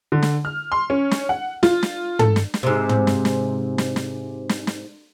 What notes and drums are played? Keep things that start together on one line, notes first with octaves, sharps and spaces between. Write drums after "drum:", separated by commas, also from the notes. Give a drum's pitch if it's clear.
D3
drum: snare
F6
C6
C#4
drum: snare
F#5
F4, drum: snare
drum: snare
A4, drum: tom
drum: snare
drum: snare
G#2 C3
drum: tom
drum: snare
drum: snare
drum: snare
drum: snare
drum: snare
drum: snare